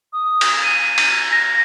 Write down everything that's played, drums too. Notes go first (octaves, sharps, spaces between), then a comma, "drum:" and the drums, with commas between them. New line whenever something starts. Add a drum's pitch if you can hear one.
D#6
drum: cymbal
D#7
drum: cymbal
A#6